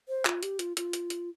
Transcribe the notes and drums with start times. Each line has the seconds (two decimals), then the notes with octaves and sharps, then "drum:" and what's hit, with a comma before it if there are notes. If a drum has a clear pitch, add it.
0.09 C5
0.25 F4, drum: clap
0.43 G4, drum: hi-hat
0.59 F4, drum: hi-hat
0.77 F4, drum: hi-hat
0.93 drum: hi-hat
1.10 drum: hi-hat